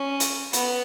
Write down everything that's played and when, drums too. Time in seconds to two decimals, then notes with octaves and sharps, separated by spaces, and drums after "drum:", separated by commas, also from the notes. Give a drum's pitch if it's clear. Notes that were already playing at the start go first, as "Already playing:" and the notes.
Already playing: C#4
0.20 drum: hi-hat
0.53 B3, drum: hi-hat